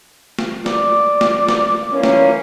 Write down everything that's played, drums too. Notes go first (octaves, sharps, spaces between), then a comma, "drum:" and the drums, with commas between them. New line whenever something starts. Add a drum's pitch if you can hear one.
drum: snare
D5, drum: snare
drum: snare
drum: snare
E3 A#3 C#4
drum: snare